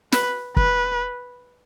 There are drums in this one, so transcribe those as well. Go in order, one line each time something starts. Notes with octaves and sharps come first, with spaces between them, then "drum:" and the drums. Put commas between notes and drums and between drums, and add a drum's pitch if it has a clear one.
B4, drum: snare
B4, drum: kick